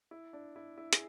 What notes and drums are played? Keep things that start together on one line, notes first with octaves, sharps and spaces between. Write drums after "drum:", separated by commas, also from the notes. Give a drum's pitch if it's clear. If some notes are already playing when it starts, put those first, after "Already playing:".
E4
D4
E4
E4
G#4, drum: hi-hat